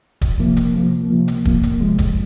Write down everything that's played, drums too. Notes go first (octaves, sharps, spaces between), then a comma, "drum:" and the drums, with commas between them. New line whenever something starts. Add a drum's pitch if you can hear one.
C#2, drum: kick, hi-hat
C3 F3 A#3
C#2, drum: hi-hat
C3 F3 A#3
C#2
C3 F3 A#3
C#2, drum: hi-hat
C3 F3 A#3, drum: kick
F2, drum: hi-hat
C3 F3 G#3
F2, drum: kick, hi-hat